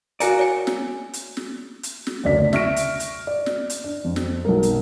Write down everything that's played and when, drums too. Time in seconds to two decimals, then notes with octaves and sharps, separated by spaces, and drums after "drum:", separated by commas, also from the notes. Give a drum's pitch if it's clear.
0.20 F#4 A#4 D5 F5 G#5 A#5, drum: hi-hat
0.39 C#5 G#5
0.67 drum: snare
1.13 drum: hi-hat
1.37 drum: snare
1.83 drum: hi-hat
2.07 drum: snare
2.24 F#1 D2 D5 B6
2.53 E5 C#6 F6 A#6 D7, drum: snare
2.76 drum: hi-hat
3.00 drum: hi-hat
3.27 D5
3.46 drum: snare
3.70 drum: hi-hat
3.84 D4
4.04 F2
4.16 drum: snare
4.45 B1 F#2 A#4
4.63 drum: hi-hat